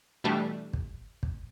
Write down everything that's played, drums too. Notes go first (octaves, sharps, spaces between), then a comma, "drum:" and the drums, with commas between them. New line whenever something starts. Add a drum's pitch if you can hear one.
B2 E3 G3 A3 D4
drum: kick
drum: kick